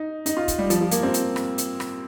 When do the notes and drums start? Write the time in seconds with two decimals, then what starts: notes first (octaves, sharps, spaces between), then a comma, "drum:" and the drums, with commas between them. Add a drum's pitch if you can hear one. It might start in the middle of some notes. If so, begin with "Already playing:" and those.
Already playing: D#4
0.26 D#4, drum: hi-hat
0.37 F4
0.48 drum: kick, hi-hat
0.59 G3
0.70 F3, drum: hi-hat
0.81 F3
0.91 A#3, drum: hi-hat
1.03 C4
1.14 drum: hi-hat
1.36 drum: rim click
1.58 drum: hi-hat
1.80 drum: rim click